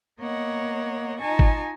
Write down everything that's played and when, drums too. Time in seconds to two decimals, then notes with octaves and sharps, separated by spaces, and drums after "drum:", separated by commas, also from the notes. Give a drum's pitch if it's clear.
0.20 A#3 B3 C#5 D#5 F#5
1.19 D#4 F4 D#5 G#5 A5 C#6
1.39 drum: kick G#1